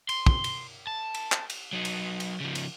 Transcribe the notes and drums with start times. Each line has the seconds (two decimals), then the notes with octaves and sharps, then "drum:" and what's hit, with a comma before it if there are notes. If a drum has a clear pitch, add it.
0.09 C6, drum: cymbal
0.26 drum: kick
0.44 drum: cymbal
0.87 A5
1.14 drum: cymbal
1.32 drum: clap
1.50 drum: cymbal
1.73 F#3 D#4
1.85 drum: cymbal
2.20 drum: cymbal
2.40 C#3 F3
2.55 drum: cymbal